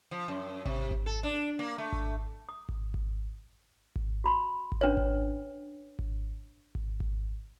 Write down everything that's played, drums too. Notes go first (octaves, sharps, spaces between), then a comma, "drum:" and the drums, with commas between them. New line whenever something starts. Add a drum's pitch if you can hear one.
F3
F#2
C3, drum: kick G#1
drum: kick G#1
A4
D4
A#3
A3
drum: kick G#1
D#6
drum: kick G#1
drum: kick G#1
drum: kick G#1
F#4 B5 C6
drum: kick G#1
C#4 D4 B4 C#5
drum: kick G#1
drum: kick G#1
drum: kick G#1
drum: kick G#1